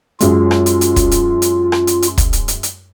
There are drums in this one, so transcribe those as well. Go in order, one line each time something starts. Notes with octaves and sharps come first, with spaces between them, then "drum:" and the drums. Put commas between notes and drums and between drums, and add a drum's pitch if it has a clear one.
F#2 G#3 F4, drum: hi-hat
drum: rim click
drum: hi-hat
drum: hi-hat
drum: kick, hi-hat
drum: hi-hat
drum: hi-hat
drum: rim click
drum: hi-hat
drum: hi-hat
drum: kick, hi-hat
drum: hi-hat
drum: hi-hat
drum: hi-hat